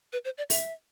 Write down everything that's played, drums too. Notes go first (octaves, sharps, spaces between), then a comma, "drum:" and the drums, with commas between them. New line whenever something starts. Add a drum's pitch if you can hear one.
B4
C5
D5
E5, drum: open hi-hat